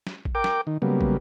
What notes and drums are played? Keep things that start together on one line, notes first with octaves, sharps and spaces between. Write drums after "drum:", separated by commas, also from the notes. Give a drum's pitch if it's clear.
drum: snare
drum: kick
A#4 G5 D6
drum: snare
D#3
C#3 F#3 G3 A#3 B3
drum: kick